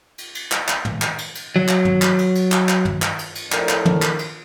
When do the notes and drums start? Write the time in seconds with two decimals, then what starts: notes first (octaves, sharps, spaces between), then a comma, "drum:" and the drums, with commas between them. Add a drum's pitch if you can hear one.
0.18 drum: cymbal
0.35 drum: cymbal
0.52 drum: clap
0.68 drum: clap
0.85 drum: tom
1.02 drum: clap
1.18 drum: cymbal
1.35 drum: cymbal
1.56 F#3
1.68 drum: clap
1.85 drum: tom
2.02 drum: clap
2.18 drum: cymbal
2.35 drum: cymbal
2.52 drum: clap
2.69 drum: clap
2.85 drum: tom
3.02 drum: clap
3.19 drum: cymbal
3.35 drum: cymbal
3.52 F2 A2 D4 A#4 C#5 D5, drum: clap
3.69 drum: clap
3.85 drum: tom
4.02 drum: clap
4.19 drum: cymbal